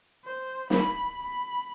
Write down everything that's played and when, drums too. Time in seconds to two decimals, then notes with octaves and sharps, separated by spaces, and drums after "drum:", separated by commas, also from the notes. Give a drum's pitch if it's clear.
0.24 C5
0.70 B5, drum: snare
1.22 B5